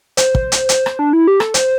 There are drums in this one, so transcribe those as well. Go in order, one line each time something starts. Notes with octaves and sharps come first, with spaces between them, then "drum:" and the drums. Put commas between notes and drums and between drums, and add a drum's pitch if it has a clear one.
C5, drum: hi-hat
drum: kick
drum: hi-hat
drum: hi-hat
drum: rim click
D4
E4
G4
A4, drum: rim click
C5, drum: hi-hat